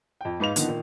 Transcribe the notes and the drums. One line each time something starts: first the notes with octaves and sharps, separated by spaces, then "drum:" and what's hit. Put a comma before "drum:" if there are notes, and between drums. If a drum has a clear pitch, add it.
F2 G5
G#2 D#4 B4 F5 F7
D3 D#3 F3 B3 D#4, drum: hi-hat
A#2 D#3